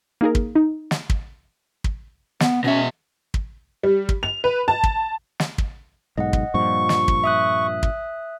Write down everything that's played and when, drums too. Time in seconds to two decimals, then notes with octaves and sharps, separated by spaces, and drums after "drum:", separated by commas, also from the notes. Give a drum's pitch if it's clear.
0.21 A#3 D#4 G#4 A#4
0.35 drum: kick
0.56 D#4
0.91 drum: snare
1.10 drum: kick
1.84 drum: kick
2.40 B3, drum: snare
2.64 B2 C#4 E5
3.34 drum: kick
3.83 G3
4.09 drum: kick
4.23 F7
4.44 B4
4.68 A5
4.83 drum: kick
5.40 drum: snare
5.58 drum: kick
6.18 B1 G#2 D#5 F#5
6.33 drum: kick
6.54 G2 A#2 F3 C#6
6.89 drum: snare
7.08 drum: kick
7.24 E5 D#6 F#6
7.83 drum: kick